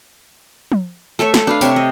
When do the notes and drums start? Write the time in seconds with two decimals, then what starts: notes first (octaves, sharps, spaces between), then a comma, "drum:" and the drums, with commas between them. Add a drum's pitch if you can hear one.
0.72 drum: tom F3
1.19 A3 A4 C#5 E5
1.34 A4, drum: snare
1.47 D4 B4 F5
1.61 C3 G4 C#5 E5, drum: tambourine
1.76 D#5